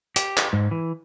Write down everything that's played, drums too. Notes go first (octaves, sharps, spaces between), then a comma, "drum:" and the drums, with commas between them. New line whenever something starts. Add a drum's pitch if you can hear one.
G4, drum: hi-hat
drum: clap
G#2
E3